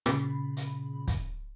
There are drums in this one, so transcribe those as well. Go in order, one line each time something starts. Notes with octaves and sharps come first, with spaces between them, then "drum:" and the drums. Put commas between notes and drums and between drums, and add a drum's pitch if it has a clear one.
A#2 C#3 B5, drum: rim click
drum: hi-hat
drum: kick, hi-hat